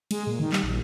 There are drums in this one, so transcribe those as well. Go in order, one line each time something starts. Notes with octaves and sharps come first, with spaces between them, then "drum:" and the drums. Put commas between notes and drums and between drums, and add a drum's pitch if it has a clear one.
G#3, drum: cymbal
A#2
D#3
G3, drum: clap
A#1